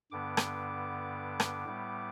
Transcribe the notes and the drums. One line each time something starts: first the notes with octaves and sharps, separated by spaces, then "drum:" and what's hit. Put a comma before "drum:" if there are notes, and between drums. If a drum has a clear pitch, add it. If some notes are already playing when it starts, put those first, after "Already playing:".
G2 D3 B3 D6
drum: rim click
drum: rim click
A2 G3 B3